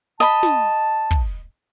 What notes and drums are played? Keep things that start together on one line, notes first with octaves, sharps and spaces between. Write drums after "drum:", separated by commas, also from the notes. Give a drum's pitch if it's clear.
D#5 A5 B5
drum: snare
drum: kick